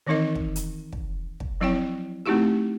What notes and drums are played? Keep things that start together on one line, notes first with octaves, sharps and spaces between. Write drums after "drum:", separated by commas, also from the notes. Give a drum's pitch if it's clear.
D#3 E3 C4 D#4 A#4 D#5
drum: kick
drum: hi-hat
drum: kick
drum: kick
F3 F#3 C4 E4 C#5 G5
A3 C4 D#4 E4 F#4 G4